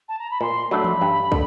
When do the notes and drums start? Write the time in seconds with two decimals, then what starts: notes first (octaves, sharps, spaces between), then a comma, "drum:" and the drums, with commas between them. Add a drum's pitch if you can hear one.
0.09 A5
0.19 A#5
0.31 B5
0.41 A#2 C6
0.71 F#3 A3 D4 B5
0.84 drum: tom E3
1.01 G2
1.32 D3, drum: kick